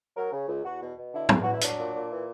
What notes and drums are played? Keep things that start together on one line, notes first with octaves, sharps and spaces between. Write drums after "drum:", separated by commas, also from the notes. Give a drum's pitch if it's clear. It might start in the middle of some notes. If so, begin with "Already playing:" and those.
F#3 A#4
C#3
C#2
E2 F#4
B2
B2
D3 E4
E2, drum: tom
E2 F#4
E4
F#3 D4, drum: hi-hat
A#2
A#2
E3